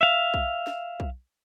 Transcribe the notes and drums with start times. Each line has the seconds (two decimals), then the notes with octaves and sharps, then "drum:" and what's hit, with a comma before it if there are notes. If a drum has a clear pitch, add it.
0.01 E5 F5
0.34 drum: kick B1
0.67 drum: snare
1.00 drum: kick B1